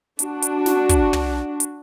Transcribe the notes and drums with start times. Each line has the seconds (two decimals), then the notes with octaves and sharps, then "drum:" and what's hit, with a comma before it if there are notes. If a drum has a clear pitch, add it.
0.19 D4 F#4, drum: hi-hat
0.42 drum: hi-hat
0.66 drum: snare
0.89 drum: kick, hi-hat
1.13 drum: tom
1.60 drum: hi-hat